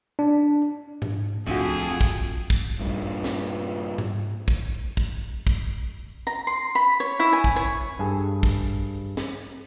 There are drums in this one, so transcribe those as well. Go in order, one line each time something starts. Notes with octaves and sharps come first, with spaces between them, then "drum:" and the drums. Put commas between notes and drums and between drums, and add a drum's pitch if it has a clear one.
D4
drum: tom G#2
D1 C2 F2 A3 D4 F#4 G#4
drum: kick
drum: kick
G2 A#2
drum: snare
drum: tom G#2
drum: kick
drum: kick
drum: kick
A#5
C6
B5
C#5
E4
G#5
drum: kick
C#5
G2 G#4 A4 G#5
drum: kick
drum: snare